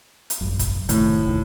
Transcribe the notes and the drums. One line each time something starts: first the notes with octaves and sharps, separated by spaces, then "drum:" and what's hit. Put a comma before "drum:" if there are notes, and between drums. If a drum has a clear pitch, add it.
drum: hi-hat
G#1 F#2
drum: kick, hi-hat
F#1 A2 C3 D#3, drum: hi-hat
F1 D#2 D#3